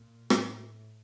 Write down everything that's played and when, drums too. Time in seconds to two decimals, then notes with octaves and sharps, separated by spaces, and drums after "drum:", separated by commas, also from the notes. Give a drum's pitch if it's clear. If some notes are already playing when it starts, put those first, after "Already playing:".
Already playing: A#2
0.30 A2, drum: rim click